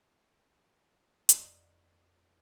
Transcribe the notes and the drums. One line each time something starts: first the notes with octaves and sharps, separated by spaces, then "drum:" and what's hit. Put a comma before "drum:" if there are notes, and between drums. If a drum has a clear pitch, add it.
F2 D5 D#5 A#5 D#6, drum: hi-hat